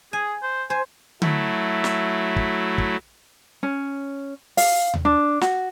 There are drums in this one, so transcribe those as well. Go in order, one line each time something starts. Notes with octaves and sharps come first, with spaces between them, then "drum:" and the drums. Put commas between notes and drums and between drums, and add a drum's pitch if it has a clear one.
G#4 G#5
C5
C5 G#5
F#3 A3 E4, drum: tom D3
drum: snare
drum: kick
drum: kick
C#4
F5, drum: open hi-hat
drum: tom D#2
D4
F#4, drum: snare